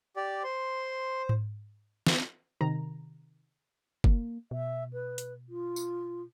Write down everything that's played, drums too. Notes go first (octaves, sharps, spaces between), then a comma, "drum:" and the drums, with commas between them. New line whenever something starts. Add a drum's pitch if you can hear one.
G4 D5
C5 C6
drum: tom G#2
drum: snare
C3 D#3 A#5
A#3, drum: kick F#1
B2 E5
B4
drum: hi-hat
F4
drum: tambourine